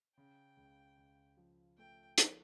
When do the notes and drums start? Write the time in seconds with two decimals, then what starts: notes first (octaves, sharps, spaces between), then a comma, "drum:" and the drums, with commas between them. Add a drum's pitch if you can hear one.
0.18 C#3 G5
0.57 C#2
0.97 C#2
1.37 F3
1.78 A3 G5
2.18 F3, drum: hi-hat